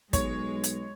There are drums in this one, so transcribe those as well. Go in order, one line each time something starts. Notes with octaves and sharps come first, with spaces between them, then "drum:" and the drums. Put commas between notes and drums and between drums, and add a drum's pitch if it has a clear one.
B1 G#3 C#5, drum: kick, hi-hat
drum: hi-hat